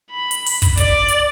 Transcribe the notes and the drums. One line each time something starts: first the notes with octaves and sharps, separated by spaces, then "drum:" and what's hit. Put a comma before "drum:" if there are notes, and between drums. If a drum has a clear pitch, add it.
B5
drum: hi-hat
drum: open hi-hat
drum: kick, hi-hat
D5, drum: kick, hi-hat
drum: hi-hat